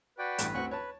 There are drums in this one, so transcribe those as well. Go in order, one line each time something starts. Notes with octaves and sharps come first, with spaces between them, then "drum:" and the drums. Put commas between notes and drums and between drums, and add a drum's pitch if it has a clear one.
F#4 B4 D5 G5
A1 G2, drum: hi-hat
D2 C4 F#4 C#6 F#6
B4 C#5 A5